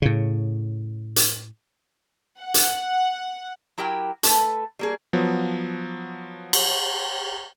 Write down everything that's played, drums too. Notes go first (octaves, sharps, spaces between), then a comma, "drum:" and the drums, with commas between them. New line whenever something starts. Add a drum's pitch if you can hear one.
A2 C#3
drum: hi-hat
F#5
drum: hi-hat
F#3 E4 G4 A#4 G5
A3 A4 B4, drum: hi-hat
G3 A#3 G#4
F3 F#3 B3
drum: cymbal